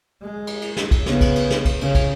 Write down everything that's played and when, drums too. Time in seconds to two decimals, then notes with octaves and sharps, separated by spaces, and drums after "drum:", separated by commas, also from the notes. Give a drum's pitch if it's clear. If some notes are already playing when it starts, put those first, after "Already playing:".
0.22 G#3
0.47 drum: cymbal
0.62 drum: cymbal
0.77 drum: snare
0.91 drum: kick, cymbal
1.06 C#3 B3, drum: snare
1.21 drum: kick, cymbal
1.36 drum: cymbal
1.50 drum: snare
1.65 drum: kick, cymbal
1.81 C#3, drum: cymbal
1.95 drum: kick, cymbal